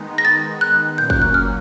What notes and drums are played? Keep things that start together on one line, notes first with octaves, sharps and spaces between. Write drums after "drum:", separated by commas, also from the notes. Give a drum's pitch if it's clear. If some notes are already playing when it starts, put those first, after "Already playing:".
Already playing: D#3 G#3 B3 D#4
A#6
A6
F#6
A#2 F#3 A#3 C#4 G6
F#6, drum: kick
F#6
F6